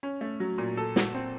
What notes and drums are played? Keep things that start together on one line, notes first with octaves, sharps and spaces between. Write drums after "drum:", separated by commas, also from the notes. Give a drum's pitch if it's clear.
C#4
A3
F#3
A#2
A4
F#4, drum: snare
C4